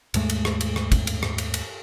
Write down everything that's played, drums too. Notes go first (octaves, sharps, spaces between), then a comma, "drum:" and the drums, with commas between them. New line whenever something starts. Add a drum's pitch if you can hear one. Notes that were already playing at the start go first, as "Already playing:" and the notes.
D#2 G#2 G#3 A3, drum: cymbal
drum: cymbal
drum: rim click
drum: cymbal
drum: rim click
drum: kick, cymbal
drum: cymbal
drum: rim click
drum: cymbal
drum: cymbal